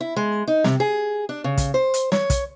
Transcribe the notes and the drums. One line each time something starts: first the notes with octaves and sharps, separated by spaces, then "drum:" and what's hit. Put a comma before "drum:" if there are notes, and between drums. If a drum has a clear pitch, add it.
E4
G#3
D#4
C3, drum: snare
G#4
D4
C#3
drum: kick, hi-hat
C5
drum: hi-hat
C#5, drum: snare
drum: kick, hi-hat